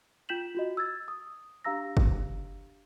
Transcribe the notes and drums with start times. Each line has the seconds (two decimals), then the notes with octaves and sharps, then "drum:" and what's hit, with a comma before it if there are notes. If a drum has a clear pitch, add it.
0.29 F4 G5 G6 B6 E7 F#7
0.55 F4 F#4 D#5
0.77 E6 G#6 A6
1.08 D#6
1.65 D4 G4 F5 A#5 E6 A#6
1.97 drum: kick